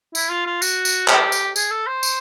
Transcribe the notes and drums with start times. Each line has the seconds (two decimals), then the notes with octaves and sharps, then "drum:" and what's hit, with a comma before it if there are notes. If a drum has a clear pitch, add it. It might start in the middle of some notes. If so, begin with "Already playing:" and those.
0.15 E4, drum: tambourine
0.30 F4
0.46 F4
0.62 F#4, drum: tambourine
0.85 drum: tambourine
1.08 G4, drum: clap
1.32 drum: tambourine
1.56 G#4, drum: tambourine
1.71 A4
1.87 C5
2.03 drum: tambourine